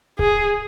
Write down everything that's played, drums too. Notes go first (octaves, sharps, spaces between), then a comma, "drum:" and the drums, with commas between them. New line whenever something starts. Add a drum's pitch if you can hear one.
G#4, drum: kick C#1